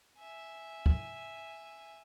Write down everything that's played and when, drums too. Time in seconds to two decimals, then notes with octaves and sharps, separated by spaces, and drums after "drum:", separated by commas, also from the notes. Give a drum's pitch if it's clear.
0.18 E5 G#5
0.86 drum: kick